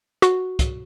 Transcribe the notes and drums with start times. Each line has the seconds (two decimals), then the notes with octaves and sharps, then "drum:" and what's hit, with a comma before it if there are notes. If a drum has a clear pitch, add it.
0.22 F#4, drum: hi-hat
0.59 drum: kick, hi-hat